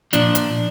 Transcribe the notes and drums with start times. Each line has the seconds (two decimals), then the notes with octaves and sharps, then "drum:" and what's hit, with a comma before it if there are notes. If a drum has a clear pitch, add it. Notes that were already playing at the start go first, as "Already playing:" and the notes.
0.13 A#2 F3 D4, drum: hi-hat
0.35 drum: hi-hat